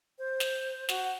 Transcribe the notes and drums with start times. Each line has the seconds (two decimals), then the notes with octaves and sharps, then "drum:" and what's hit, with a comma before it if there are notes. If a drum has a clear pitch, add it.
0.19 C5
0.40 drum: snare
0.89 F#4, drum: snare